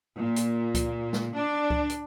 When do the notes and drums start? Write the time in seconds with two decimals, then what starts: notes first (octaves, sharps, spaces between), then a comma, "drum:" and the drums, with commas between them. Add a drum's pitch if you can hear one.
0.17 A#2
0.36 drum: hi-hat
0.75 drum: kick C#2, hi-hat
1.13 drum: snare
1.34 D4
1.70 drum: kick C#2
1.90 drum: hi-hat